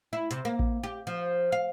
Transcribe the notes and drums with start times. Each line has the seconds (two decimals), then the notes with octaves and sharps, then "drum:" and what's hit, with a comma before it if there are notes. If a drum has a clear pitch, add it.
0.13 E4
0.31 C3, drum: hi-hat
0.45 A#3
0.59 drum: kick A1
0.83 G4
1.07 F3
1.52 F5